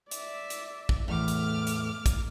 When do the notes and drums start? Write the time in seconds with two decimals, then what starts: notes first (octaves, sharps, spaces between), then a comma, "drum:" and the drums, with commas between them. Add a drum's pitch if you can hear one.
0.11 D5 E5, drum: hi-hat
0.50 drum: hi-hat
0.89 drum: kick
1.08 E2 A2 A3 D6 F6
1.28 drum: hi-hat
1.67 drum: hi-hat
2.06 drum: kick, hi-hat